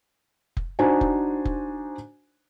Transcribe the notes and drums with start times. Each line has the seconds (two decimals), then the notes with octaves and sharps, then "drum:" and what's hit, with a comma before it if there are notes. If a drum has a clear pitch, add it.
0.57 drum: kick F1
0.79 D4 D#4 F#4 C5 G#5
1.01 drum: kick F1
1.45 drum: kick F1